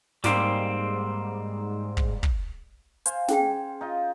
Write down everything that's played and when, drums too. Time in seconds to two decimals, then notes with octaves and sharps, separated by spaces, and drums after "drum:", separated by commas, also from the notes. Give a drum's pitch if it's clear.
0.24 G#2 G3 A#3 C4, drum: snare
1.97 drum: kick
2.23 drum: kick
3.06 C5 F5 G#5, drum: hi-hat
3.28 C#4 G#4 G5, drum: snare
3.81 D#4 F4 D#5